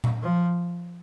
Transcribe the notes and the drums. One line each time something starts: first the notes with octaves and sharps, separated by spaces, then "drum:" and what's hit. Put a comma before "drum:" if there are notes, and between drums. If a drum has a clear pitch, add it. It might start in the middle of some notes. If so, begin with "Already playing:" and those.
drum: tom A#2
F3